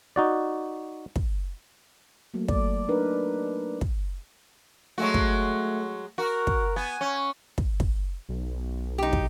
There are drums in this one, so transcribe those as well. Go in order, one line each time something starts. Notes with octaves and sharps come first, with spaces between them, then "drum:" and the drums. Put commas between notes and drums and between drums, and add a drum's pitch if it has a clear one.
D#4 F#4 D5
drum: kick
F#3 A3 A#3
D5, drum: kick
D4 D#4 A#4 B4
drum: kick
F#3 G#3 A3 F#4
drum: kick
F#4 A#4
drum: kick
B3 G#5
C#4
drum: kick
drum: kick
B1
D#4 G4
drum: kick